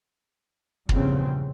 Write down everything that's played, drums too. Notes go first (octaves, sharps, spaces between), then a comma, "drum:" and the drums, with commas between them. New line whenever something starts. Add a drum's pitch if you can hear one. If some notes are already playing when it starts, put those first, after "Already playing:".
A#1 E2 G2 C#3 C4, drum: kick